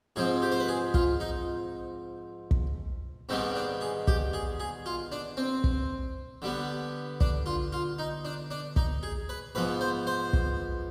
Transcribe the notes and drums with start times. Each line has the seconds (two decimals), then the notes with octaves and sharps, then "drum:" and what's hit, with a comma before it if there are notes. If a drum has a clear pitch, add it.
0.16 G#2 F3 C4 G#4
0.42 G4
0.52 C5
0.60 B4
0.68 G#4
0.94 F4, drum: kick
1.20 D#4
2.51 drum: kick
3.29 G#2 D#3 G3 B3 C4
3.55 D4
3.81 G#4
4.07 G4, drum: kick
4.33 G#4
4.60 G#4
4.86 F4
5.12 D4
5.37 C4
5.64 drum: kick
6.42 D3 G3 B3
7.21 D4, drum: kick
7.46 F4
7.72 F4
7.98 D#4
8.25 D4
8.51 D4
8.76 D#4, drum: kick
9.03 G#4
9.29 B4
9.55 G#2 F3 B3 B4
9.81 C5
10.07 C5
10.33 drum: kick